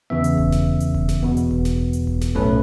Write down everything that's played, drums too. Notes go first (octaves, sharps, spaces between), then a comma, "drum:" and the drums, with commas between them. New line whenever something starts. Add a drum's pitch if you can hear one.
E2 C#3 E3 B3 E5
drum: hi-hat
drum: kick E1
drum: snare
drum: hi-hat
drum: kick E1
drum: snare
E2 B2 B3
drum: hi-hat
drum: kick E1
drum: snare
drum: hi-hat
drum: kick E1
drum: snare
B1 A2 A3 C#4 B4